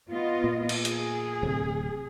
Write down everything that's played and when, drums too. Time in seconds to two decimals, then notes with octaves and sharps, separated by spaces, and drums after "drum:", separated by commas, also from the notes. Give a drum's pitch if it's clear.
0.11 B3 F4 D#5
0.44 A#2
0.69 drum: cymbal
0.85 G#4, drum: hi-hat
1.43 D1 C3